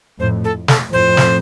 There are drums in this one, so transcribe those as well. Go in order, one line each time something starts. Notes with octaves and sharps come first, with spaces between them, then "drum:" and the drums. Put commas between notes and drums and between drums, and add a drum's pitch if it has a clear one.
F2 A2 C5
A4
A4, drum: snare
F2 A2 C5
drum: snare